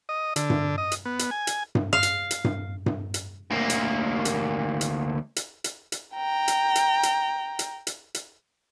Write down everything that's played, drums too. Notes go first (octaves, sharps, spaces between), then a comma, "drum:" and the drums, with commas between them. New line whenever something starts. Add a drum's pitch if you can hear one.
D#5
D3, drum: hi-hat
drum: tom G2
D#5
drum: hi-hat
B3
drum: hi-hat
G#5
drum: hi-hat
drum: tom G2
F5
drum: hi-hat
drum: hi-hat
drum: tom G2
drum: tom G2
drum: hi-hat
D2 A#3
drum: hi-hat
drum: hi-hat
drum: hi-hat
drum: hi-hat
drum: hi-hat
drum: hi-hat
G5 A#5
drum: hi-hat
drum: hi-hat
drum: hi-hat
drum: hi-hat
drum: hi-hat
drum: hi-hat